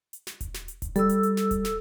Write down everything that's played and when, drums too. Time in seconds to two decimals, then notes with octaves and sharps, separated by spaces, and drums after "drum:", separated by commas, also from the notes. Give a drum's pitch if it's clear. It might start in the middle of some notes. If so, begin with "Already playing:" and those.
0.13 drum: hi-hat
0.27 drum: snare
0.41 drum: kick E1, hi-hat
0.54 drum: snare
0.68 drum: hi-hat
0.82 drum: kick E1, hi-hat
0.96 G3 A4 E6, drum: hi-hat
1.09 drum: hi-hat
1.23 drum: hi-hat
1.37 drum: snare
1.51 drum: kick E1, hi-hat
1.65 drum: snare